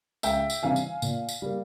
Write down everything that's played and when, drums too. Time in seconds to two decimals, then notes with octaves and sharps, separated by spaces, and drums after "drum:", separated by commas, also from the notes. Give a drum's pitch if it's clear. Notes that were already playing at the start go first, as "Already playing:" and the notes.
0.23 C#2 E5 G5, drum: tambourine
0.50 drum: tambourine
0.63 C3 E3 G3 F5 G#5
0.76 drum: tambourine
1.02 A#2, drum: tambourine
1.29 drum: tambourine
1.42 G3 A#3